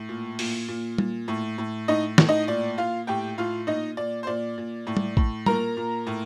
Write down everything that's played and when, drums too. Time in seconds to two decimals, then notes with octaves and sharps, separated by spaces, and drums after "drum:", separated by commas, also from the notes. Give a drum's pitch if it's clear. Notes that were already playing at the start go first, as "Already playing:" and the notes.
Already playing: A2
0.09 A#2
0.39 A#2, drum: open hi-hat
0.68 A#2
0.98 A#2, drum: tom G3
1.28 A2
1.58 A2
1.88 A2 D#4 D#5
2.18 A2, drum: snare
2.29 D#4 D#5
2.47 A#2 D5
2.78 A#2 F4 F5
3.07 A2 G4 G5
3.38 A2 F4 F5
3.67 A#2 D#4 D#5
3.97 A#2 D5
4.23 C5
4.27 A#2 D5
4.58 A#2
4.87 A2
4.97 drum: tom G3
5.17 A2, drum: kick A1
5.46 A#2 A#4 A#5, drum: tom G3
5.77 A#2
6.07 A2